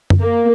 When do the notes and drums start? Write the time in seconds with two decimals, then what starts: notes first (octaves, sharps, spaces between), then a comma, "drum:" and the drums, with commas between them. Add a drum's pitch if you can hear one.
0.10 drum: tom F#2
0.21 A#3